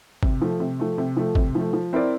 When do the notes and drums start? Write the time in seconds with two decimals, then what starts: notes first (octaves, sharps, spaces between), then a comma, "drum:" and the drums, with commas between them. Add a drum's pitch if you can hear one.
0.23 C3, drum: kick
0.42 F3 A3
0.60 C3
0.80 F3 A3
0.98 C3
1.17 F3 A3
1.35 C3, drum: kick
1.55 F3 A3
1.73 F3
1.93 C4 E4 A#4 D5